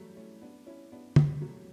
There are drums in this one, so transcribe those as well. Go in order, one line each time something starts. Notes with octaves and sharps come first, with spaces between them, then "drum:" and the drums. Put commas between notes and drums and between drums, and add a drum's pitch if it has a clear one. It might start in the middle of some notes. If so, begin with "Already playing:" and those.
Already playing: E3 F#3 G3 A3
A3 C#4
B3 D4
C#4 E4
B3 D4
G3 B3, drum: tom
F#3 A3